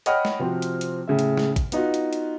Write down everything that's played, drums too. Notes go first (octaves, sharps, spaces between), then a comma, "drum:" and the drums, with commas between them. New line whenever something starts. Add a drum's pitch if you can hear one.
C#5 D#5 F#5 G5 B5 F6, drum: hi-hat
drum: snare
C3 F3 C4 F#4
drum: hi-hat
drum: hi-hat
A2 C#3 E5
drum: hi-hat
drum: snare
drum: kick, hi-hat
B3 D#4 F4 F#4, drum: hi-hat
drum: hi-hat
drum: hi-hat